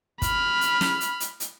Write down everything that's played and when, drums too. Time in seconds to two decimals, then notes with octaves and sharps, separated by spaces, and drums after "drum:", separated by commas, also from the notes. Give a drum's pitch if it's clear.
0.22 B5 F6, drum: kick, hi-hat
0.61 drum: hi-hat
0.81 drum: snare
1.01 drum: hi-hat
1.20 drum: hi-hat
1.40 drum: hi-hat